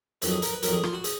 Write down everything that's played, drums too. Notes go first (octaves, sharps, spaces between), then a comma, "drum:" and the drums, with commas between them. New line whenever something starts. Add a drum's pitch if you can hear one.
F2 D#3 F#3 B4, drum: hi-hat
G#4
A#4, drum: hi-hat
B4
F2 D#3 F#3 A#4, drum: hi-hat
G#4
F4, drum: rim click
F#4
G#4, drum: hi-hat